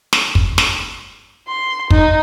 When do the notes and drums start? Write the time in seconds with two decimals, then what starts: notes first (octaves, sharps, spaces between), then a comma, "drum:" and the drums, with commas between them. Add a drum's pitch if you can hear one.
0.13 drum: snare
0.35 drum: kick
0.58 drum: snare
1.48 C6
1.90 D#4, drum: kick